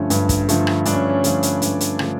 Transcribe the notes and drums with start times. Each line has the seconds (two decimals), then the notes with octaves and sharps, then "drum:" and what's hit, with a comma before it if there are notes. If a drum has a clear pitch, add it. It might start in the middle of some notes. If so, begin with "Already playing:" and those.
Already playing: G2 D3 F3 A3 C#4
0.10 G2, drum: hi-hat
0.29 drum: kick, hi-hat
0.49 D3 F3 A3, drum: hi-hat
0.67 drum: rim click
0.85 G2 D4, drum: hi-hat
0.93 C#4
1.10 C#4
1.24 D3 F3 A3, drum: hi-hat
1.43 drum: hi-hat
1.62 G2, drum: hi-hat
1.80 drum: hi-hat
1.99 D3 F3 A3, drum: rim click